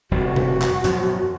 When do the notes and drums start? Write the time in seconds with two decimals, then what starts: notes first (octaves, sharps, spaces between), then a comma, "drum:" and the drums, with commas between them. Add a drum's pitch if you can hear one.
0.11 F1 F2 G3 F#4
0.36 drum: tom B2
0.62 drum: clap
0.84 F#2 B2 F3, drum: hi-hat